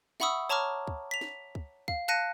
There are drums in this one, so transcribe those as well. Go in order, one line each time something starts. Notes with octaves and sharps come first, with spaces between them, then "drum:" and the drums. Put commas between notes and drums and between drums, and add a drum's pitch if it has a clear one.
E5 F#5 B5 C#6 D#6 E6, drum: snare
C#5 A5 A#5 C#6 D6 F6
drum: kick
B6 F7
drum: snare
drum: kick
F5, drum: kick
F5 A5 F#6 A#6 C#7 D#7